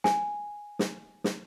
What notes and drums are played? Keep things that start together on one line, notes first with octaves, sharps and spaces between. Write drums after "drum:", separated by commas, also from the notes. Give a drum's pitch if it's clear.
G#5, drum: snare
drum: snare
drum: snare